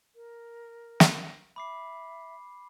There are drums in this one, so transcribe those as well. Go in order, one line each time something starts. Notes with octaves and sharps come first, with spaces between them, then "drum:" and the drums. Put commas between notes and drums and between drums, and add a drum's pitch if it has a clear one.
A#4
drum: snare
E5 B5 D6 C7